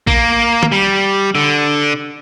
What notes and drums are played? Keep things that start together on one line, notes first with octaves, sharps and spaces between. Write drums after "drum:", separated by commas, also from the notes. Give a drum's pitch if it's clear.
A#3, drum: kick A#1
drum: tom
G3
D3